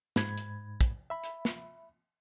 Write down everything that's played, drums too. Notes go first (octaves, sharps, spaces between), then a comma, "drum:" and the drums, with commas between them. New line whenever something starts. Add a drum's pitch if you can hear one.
G#2 B5 G#6, drum: snare
drum: hi-hat
drum: kick, hi-hat
E5 B5
drum: hi-hat
drum: snare